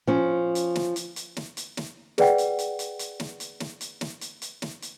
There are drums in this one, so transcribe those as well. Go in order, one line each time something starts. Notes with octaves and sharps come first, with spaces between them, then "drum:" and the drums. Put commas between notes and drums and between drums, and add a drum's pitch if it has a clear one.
F3 C#4
drum: hi-hat
drum: snare
drum: hi-hat
drum: hi-hat
drum: snare
drum: hi-hat
drum: snare
G#4 B4 D5 F#5 G5, drum: snare
drum: hi-hat
drum: hi-hat
drum: hi-hat
drum: hi-hat
drum: snare
drum: hi-hat
drum: snare
drum: hi-hat
drum: snare
drum: hi-hat
drum: hi-hat
drum: snare
drum: hi-hat